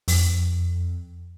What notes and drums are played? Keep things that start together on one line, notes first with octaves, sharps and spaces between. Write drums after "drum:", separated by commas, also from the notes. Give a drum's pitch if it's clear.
F2, drum: open hi-hat